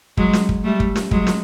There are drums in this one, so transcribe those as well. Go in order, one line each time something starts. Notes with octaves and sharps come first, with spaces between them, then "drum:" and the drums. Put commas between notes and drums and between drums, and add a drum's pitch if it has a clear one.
F#3 G#3, drum: kick
drum: snare
drum: kick
G3 A3
drum: kick
drum: snare
F#3 G#3, drum: kick
drum: snare